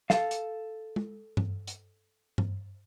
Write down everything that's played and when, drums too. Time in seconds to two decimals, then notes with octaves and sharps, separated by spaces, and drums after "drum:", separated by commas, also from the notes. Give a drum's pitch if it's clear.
0.10 A4 F5, drum: snare
0.31 drum: hi-hat
0.96 drum: tom
1.37 drum: tom G2
1.67 drum: hi-hat
2.38 drum: tom G2